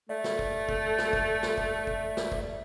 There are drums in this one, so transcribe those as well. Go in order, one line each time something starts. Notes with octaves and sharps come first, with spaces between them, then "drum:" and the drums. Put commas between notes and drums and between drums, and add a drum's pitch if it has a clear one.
A3 D5 E5
drum: snare
drum: kick
drum: kick
drum: snare
drum: kick
drum: snare
drum: kick
drum: kick
drum: snare
drum: kick